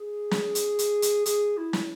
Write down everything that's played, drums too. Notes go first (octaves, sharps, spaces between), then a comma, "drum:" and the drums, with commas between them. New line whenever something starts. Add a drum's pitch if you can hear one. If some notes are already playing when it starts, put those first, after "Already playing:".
Already playing: G#4
drum: snare
drum: hi-hat
drum: hi-hat
drum: hi-hat
G#4, drum: hi-hat
E4
drum: snare